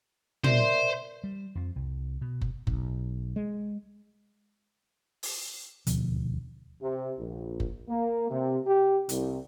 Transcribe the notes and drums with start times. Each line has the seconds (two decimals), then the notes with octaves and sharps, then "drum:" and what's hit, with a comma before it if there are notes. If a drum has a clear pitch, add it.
0.44 A#4 C5 D5 E5, drum: tom
1.24 G3
1.55 F2 F3
1.76 C2
2.21 B2
2.41 drum: kick F#1
2.67 B1, drum: kick F#1
3.36 G#3
5.23 drum: open hi-hat
5.87 D#1 D2 B2 F3, drum: hi-hat
6.81 C3
7.17 A#1
7.60 drum: kick F#1
7.89 A#3
8.30 C3
8.65 G4
9.09 C2, drum: hi-hat